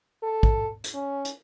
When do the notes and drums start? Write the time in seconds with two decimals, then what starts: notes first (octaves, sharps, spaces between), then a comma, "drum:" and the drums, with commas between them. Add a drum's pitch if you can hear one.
0.23 A4
0.43 drum: kick
0.84 drum: hi-hat
0.94 C#4
1.25 drum: hi-hat